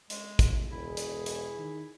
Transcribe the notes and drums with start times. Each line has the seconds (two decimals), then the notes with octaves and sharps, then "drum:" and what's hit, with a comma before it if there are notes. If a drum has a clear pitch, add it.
0.10 G#3, drum: hi-hat
0.39 drum: kick, hi-hat
0.72 E1 E4 G#4
0.97 drum: hi-hat
1.26 drum: hi-hat
1.59 D#3